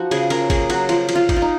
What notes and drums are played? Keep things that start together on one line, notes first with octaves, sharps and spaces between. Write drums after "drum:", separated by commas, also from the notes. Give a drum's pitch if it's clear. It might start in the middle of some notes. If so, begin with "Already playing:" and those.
Already playing: F3 D#4 F#4
C#3 G#4, drum: cymbal
C#4 A#4, drum: cymbal
A#3 G#4, drum: kick G1, cymbal
F#3 F#4, drum: cymbal
F3 F4, drum: cymbal
F3, drum: cymbal
F4
D#4, drum: kick G1, cymbal
F4
D#4